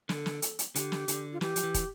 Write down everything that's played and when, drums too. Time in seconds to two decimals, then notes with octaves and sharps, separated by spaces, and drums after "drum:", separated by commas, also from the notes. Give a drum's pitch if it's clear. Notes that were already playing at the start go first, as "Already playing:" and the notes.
0.09 D3 A4, drum: snare
0.26 drum: snare
0.42 drum: hi-hat
0.59 drum: hi-hat
0.75 D3 G4, drum: hi-hat
0.92 drum: snare
1.08 D3, drum: hi-hat
1.33 F4
1.41 E3 G4, drum: snare
1.56 F3, drum: hi-hat
1.63 E3
1.74 drum: kick, hi-hat